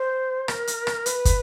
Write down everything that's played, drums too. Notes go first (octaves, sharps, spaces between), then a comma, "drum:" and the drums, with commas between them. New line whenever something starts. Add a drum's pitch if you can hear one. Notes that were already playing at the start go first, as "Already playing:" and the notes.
Already playing: C5
A#4, drum: rim click
drum: hi-hat
drum: rim click
B4, drum: hi-hat
drum: kick, hi-hat